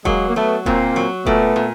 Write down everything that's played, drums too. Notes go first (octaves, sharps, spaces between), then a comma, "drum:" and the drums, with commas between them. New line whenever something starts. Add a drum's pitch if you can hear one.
F#3 G#3 A#3, drum: kick E1
A#3
F#3 A3 B3
A#2 A#3 C4, drum: kick E1
F#3
A#2 A3 B3, drum: kick E1
A#2